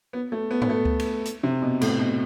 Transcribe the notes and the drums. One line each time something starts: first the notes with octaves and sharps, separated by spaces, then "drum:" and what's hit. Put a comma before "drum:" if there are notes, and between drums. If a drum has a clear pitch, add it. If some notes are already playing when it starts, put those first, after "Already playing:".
B3
A3
B3
B3, drum: tom G#2
A3
drum: kick C#2
drum: cymbal
drum: hi-hat
C3
B2
A2, drum: cymbal
B2